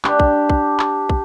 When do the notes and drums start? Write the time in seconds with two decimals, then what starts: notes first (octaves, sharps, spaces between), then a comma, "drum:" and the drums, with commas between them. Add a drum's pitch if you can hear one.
0.05 D4 G4, drum: clap
0.20 drum: kick
0.50 drum: kick
0.80 drum: clap
1.09 drum: kick